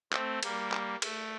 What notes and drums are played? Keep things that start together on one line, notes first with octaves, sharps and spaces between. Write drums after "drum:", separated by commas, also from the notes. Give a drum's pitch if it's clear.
A3 C4, drum: clap
G3 A#3, drum: cymbal
drum: clap
A3, drum: cymbal